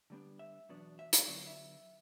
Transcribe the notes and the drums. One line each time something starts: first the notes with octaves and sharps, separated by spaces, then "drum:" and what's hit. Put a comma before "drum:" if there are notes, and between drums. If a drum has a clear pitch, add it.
D3 G3 B3 D4
E5
E2 B2 F#3 B3 D4
E5
D5, drum: hi-hat
D3 F#3 B3 C#5
E5